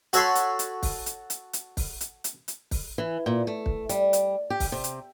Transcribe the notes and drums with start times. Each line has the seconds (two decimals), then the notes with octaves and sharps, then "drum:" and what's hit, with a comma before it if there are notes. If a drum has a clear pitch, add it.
0.13 F#4 A4 C#5 B5 C6, drum: hi-hat
0.35 drum: hi-hat
0.59 drum: hi-hat
0.83 drum: kick, open hi-hat
1.06 drum: hi-hat
1.30 drum: hi-hat
1.53 drum: hi-hat
1.77 drum: kick, open hi-hat
2.01 drum: hi-hat
2.24 drum: hi-hat
2.48 drum: hi-hat
2.71 drum: kick, open hi-hat
2.98 E3
3.26 A#2
3.47 A3
3.66 drum: kick
3.89 G3, drum: hi-hat
4.13 drum: hi-hat
4.50 G4
4.60 drum: kick, open hi-hat
4.72 C3
4.84 drum: hi-hat